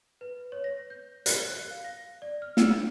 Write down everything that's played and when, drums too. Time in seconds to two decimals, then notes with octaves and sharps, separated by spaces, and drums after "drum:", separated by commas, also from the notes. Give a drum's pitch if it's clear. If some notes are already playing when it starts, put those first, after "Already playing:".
0.21 B4
0.52 C#5
0.64 A#6
0.90 G6
1.26 drum: hi-hat
1.36 G7
1.49 F#6
1.71 F5
1.84 A#6
2.22 D5
2.42 F6
2.57 E6, drum: snare
2.72 D4